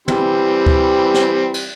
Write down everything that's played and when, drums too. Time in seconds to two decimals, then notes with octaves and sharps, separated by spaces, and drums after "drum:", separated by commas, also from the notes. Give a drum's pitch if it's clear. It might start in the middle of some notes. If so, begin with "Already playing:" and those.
0.08 E3 G3 C4, drum: tom
0.66 drum: kick D2
1.14 drum: snare
1.54 drum: cymbal